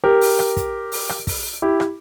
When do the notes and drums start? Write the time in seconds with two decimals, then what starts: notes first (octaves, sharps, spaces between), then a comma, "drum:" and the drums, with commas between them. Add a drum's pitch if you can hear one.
0.04 G4 A#4
0.21 drum: open hi-hat
0.39 drum: rim click
0.57 drum: kick, hi-hat
0.92 drum: open hi-hat
1.09 drum: rim click
1.27 drum: kick, open hi-hat
1.62 E4 G4
1.80 drum: rim click